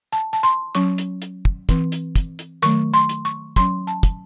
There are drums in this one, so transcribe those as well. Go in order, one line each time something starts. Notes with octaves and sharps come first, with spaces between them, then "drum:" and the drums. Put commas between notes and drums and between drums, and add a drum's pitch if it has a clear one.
A5
A5
C6
F#3 C#4 C#6, drum: hi-hat
drum: hi-hat
drum: hi-hat
drum: kick
E3 C4, drum: kick, hi-hat
drum: hi-hat
drum: kick, hi-hat
drum: hi-hat
D#3 F#3 A3 C#6, drum: hi-hat
C6
drum: hi-hat
C#6
F#3 C#4 C6, drum: kick, hi-hat
A5
drum: kick, hi-hat